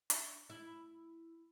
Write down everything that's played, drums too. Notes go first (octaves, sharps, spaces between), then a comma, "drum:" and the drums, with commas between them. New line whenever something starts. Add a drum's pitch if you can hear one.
D4 E5 C#7, drum: hi-hat
E4